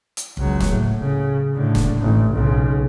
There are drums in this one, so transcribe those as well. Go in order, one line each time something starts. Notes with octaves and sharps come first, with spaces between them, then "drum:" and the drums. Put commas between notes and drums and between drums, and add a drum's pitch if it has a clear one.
drum: hi-hat
C#2 F#3, drum: kick
drum: snare
A2
C#3
A2 D3
drum: snare
A1
B1 C#3